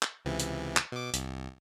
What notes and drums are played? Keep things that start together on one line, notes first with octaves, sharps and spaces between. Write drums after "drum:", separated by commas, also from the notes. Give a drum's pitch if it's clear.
drum: clap
C#2 C3 E3
drum: hi-hat
drum: clap
B2 D6
C2, drum: hi-hat